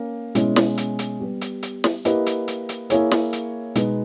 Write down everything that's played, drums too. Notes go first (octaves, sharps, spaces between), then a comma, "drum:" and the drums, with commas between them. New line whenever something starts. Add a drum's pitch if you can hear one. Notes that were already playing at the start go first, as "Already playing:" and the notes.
Already playing: A#3 C#4
B2 G#3 C#4 E4, drum: hi-hat
drum: snare
drum: hi-hat
drum: hi-hat
G3 B3 G4
drum: hi-hat
drum: hi-hat
drum: snare
A#3 E4 G4 B4 D#5, drum: hi-hat
drum: hi-hat
drum: hi-hat
drum: hi-hat
A#3 E4 G#4 C#5, drum: hi-hat
drum: snare
drum: hi-hat
B2 G#3 B3 D#4, drum: hi-hat